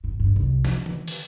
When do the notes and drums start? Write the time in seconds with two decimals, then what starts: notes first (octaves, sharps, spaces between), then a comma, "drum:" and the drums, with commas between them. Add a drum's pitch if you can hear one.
0.04 G#2
0.20 G2
0.36 C2 F2
0.65 D3, drum: snare F3
0.86 drum: tom E3
1.08 drum: open hi-hat